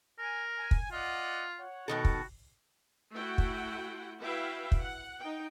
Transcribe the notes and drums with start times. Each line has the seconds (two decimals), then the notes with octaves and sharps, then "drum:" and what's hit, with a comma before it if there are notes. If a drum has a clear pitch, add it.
0.19 A#4 G#5
0.57 G#5
0.71 drum: kick
0.92 F4 D5 D#5 F#5
1.57 C#5 F#5
1.88 B2 D#3 F#4 A4
2.05 drum: kick
3.13 A3 E4 F#4 F#5 G5
3.38 drum: kick
4.21 E4 F#4 B4 E5 F5 G5
4.72 drum: kick
4.82 F#5
5.19 D#4 G5